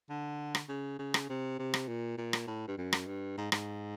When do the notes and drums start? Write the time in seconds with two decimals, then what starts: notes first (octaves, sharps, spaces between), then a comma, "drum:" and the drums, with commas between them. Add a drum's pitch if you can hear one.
0.10 D3
0.55 drum: rim click
0.69 C#3
0.99 C#3
1.14 drum: rim click
1.29 C3
1.59 C3
1.74 drum: rim click
1.88 A#2
2.18 A#2
2.33 drum: rim click
2.47 A2
2.68 G2
2.78 F#2
2.93 drum: rim click
3.07 G2
3.38 G#2
3.52 G#2, drum: rim click